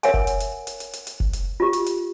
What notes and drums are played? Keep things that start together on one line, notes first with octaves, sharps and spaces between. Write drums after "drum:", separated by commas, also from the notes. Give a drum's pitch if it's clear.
A#4 C#5 E5 F#5 G#5, drum: hi-hat
drum: kick F1
drum: hi-hat
drum: hi-hat
drum: hi-hat
drum: hi-hat
drum: hi-hat
drum: hi-hat
drum: kick F1
drum: hi-hat
F4 G4
drum: hi-hat
drum: hi-hat